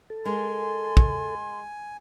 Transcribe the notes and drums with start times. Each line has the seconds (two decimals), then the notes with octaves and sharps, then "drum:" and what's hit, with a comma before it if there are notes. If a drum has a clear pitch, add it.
0.10 A4
0.25 G#3 A#4 G#5 C6
0.97 drum: kick